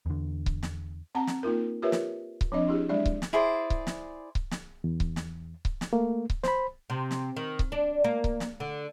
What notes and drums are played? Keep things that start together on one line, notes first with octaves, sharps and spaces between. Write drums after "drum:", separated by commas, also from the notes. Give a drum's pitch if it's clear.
E2 D3
drum: kick C#1
drum: snare
C4 F#5 A5 A#5
drum: snare
A#3 D#4 F4 A#4
F4 G4 A#4 B4 C#5 E5
drum: snare
drum: kick C#1
F3 C4 D4 D#5
D4 E4 G4 G#4
F#3 G#3 D4 D5 E5
drum: kick C#1
drum: snare
E4 G#4 C5 D5
drum: kick C#1
drum: snare
drum: kick C#1
drum: snare
E2
drum: kick C#1
drum: snare
drum: kick C#1
drum: snare
A3 A#3
drum: kick C#1
C5 B5, drum: snare
C3
drum: snare
D#3
drum: kick C#1
D4
A#3
drum: kick C#1
drum: snare
D3